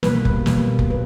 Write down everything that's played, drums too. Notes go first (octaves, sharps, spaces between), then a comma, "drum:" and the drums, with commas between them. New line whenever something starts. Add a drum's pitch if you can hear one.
B2 G3 A#3 B4, drum: snare
drum: kick F1
B2 G3 A#3, drum: snare
drum: kick F1
B4